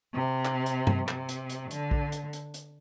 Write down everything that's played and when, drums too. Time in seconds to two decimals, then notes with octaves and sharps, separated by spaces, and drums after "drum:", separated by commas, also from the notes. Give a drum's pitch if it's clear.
0.14 C3
0.45 drum: clap
0.66 drum: hi-hat
0.87 drum: tom G2
1.08 C3, drum: clap
1.29 drum: hi-hat
1.50 drum: hi-hat
1.71 D3, drum: hi-hat
1.91 drum: kick A#1
2.12 drum: hi-hat
2.33 drum: hi-hat
2.54 drum: hi-hat